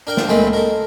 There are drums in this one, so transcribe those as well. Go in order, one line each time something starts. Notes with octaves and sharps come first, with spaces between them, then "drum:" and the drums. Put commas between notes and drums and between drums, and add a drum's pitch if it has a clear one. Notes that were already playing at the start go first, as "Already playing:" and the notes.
D4 A#4 G5
drum: snare
C#2 A#2 G#3 A3 C4 B5
A4 A#4